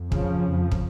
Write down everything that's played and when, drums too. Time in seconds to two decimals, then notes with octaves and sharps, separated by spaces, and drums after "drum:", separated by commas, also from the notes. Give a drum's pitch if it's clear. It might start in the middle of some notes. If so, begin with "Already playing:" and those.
Already playing: F2
0.12 C#3 F3, drum: kick
0.42 F2 C#3
0.72 drum: kick